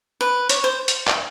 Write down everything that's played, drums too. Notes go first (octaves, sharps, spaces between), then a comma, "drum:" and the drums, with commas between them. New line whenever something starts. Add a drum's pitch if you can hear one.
B4
C#5, drum: hi-hat
C5
drum: hi-hat
drum: clap